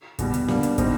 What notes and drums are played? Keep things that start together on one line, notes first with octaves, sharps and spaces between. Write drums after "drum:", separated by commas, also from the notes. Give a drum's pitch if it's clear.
E2 B2 G3, drum: kick, hi-hat
drum: hi-hat
B2 G3 A#3 D4, drum: snare
drum: hi-hat
B2 G3 C4 D#4, drum: kick, hi-hat